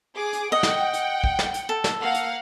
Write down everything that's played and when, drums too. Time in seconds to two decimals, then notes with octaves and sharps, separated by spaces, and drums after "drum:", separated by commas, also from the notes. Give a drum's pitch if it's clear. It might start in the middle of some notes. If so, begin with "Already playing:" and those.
0.14 G#4 D6
0.33 drum: hi-hat
0.52 D#5 F#5 G5
0.63 drum: snare
0.93 drum: hi-hat
1.24 drum: kick
1.39 drum: snare
1.54 drum: hi-hat
1.69 A4
1.84 drum: snare
2.01 A#3 F5 F#5
2.14 drum: hi-hat